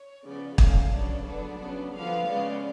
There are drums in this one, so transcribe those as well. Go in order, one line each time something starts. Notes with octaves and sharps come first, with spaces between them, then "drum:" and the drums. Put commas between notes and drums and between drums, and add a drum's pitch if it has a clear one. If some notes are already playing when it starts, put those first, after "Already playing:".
Already playing: C#5
C#3 F3 B3 D5
A2 F#3 A3 C#4 F5, drum: kick
C#3 F#3 B3 D4 D5
D3 F#3 B3 D4
C#3 F#3 B3 D4
D3 F3 B3 F5
C#3 G#3 B3 D5